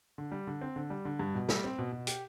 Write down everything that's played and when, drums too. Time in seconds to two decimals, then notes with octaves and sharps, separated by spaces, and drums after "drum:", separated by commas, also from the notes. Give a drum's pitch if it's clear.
0.18 D3
0.31 G3
0.47 D3
0.61 C4
0.76 D3
0.90 G3
1.05 D3
1.19 G2
1.34 B2
1.49 G3, drum: snare
1.64 C4
1.78 B2
1.92 B2
2.07 G4, drum: hi-hat